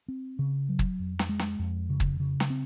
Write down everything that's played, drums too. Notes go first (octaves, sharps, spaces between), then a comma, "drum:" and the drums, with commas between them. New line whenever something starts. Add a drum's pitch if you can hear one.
C4
C#3
F#3
drum: kick
F2
drum: snare
G#3
drum: snare
F2
C#3
drum: kick
C#3
drum: snare
C4